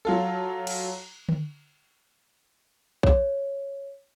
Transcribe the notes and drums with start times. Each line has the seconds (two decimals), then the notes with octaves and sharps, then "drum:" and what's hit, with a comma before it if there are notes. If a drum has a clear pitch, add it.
0.05 F#3 F4 A4
0.67 drum: cymbal
1.29 drum: tom D3
3.03 C#5, drum: kick A#1